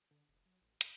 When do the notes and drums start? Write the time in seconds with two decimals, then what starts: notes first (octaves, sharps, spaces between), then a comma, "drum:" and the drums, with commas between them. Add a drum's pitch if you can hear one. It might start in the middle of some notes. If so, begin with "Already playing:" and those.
0.11 D3
0.29 F1
0.46 F#3
0.62 A1
0.81 A1, drum: hi-hat